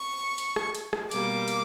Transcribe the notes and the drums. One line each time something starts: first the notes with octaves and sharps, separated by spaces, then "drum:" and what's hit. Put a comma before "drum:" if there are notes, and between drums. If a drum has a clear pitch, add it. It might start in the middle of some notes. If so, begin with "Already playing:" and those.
Already playing: C#6
drum: hi-hat
drum: rim click
drum: hi-hat
drum: rim click
B2 G3 A#3 D6, drum: hi-hat
drum: hi-hat